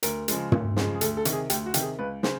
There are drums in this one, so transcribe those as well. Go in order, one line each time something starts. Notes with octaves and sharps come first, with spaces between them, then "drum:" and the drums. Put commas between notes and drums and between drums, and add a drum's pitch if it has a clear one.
D2 A#4, drum: hi-hat
C#3 F3 G#3, drum: hi-hat
D2, drum: tom
C#3 F3 G#3, drum: snare
G#4
D2 A4, drum: hi-hat
A4
C3 D#3, drum: hi-hat
G#4
D2 G4, drum: hi-hat
F#4
C3 D#3 G4, drum: hi-hat
G#4
C#2 B4
C#3 C5, drum: snare